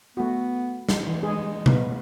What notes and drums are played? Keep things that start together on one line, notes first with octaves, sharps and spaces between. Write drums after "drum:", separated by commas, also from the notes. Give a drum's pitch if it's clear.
A3 B3 F#4
drum: snare
E3
G#3 G#4
B3, drum: tom B2